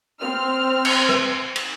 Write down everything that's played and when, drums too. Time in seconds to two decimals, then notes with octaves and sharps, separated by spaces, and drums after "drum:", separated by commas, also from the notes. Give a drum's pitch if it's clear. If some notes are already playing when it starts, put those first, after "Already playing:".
0.20 C4 F6
0.85 drum: cymbal
1.09 drum: rim click
1.56 drum: cymbal